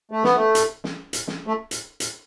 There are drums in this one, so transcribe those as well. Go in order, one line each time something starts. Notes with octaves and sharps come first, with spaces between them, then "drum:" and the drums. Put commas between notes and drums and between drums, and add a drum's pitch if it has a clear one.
A3
B3, drum: snare
A3
drum: hi-hat
drum: snare
drum: hi-hat
drum: snare
A3
drum: hi-hat
drum: hi-hat